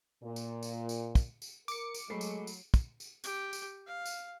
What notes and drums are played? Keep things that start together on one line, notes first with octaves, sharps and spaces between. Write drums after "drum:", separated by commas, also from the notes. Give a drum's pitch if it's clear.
A#2
drum: tambourine
drum: tambourine
drum: tambourine
drum: kick, tambourine
drum: tambourine
A#4 D6 C#7, drum: tambourine
drum: tambourine
F#3 G#3 A3 B5 C7
drum: tambourine
drum: tambourine
drum: kick, tambourine
drum: tambourine
G4, drum: tambourine
drum: tambourine
F5
drum: tambourine